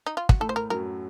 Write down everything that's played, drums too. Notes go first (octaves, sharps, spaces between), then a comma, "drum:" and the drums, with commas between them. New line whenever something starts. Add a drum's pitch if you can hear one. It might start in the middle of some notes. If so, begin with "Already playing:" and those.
D#4
F4
F#4, drum: kick
A2 A3 A4
C5
A#4
F#2 F#3 A#4